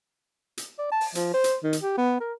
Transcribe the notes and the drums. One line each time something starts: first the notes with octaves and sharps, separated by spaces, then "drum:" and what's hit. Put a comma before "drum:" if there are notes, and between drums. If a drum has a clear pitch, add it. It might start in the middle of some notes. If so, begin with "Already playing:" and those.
drum: hi-hat
D5
A5
drum: open hi-hat
F3, drum: hi-hat
C5
drum: hi-hat
D#3
drum: hi-hat
G4
B3
A#4